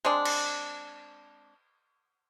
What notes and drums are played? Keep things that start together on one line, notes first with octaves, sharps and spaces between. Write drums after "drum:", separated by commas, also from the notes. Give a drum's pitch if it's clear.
G#3 C4 D4
drum: cymbal